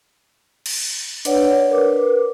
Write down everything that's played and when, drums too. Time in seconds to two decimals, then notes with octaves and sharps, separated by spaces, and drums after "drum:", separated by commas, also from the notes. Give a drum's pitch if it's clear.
0.66 drum: cymbal
1.25 D4 B4 C#5 D5 F#5, drum: hi-hat
1.70 A#4 B4 D6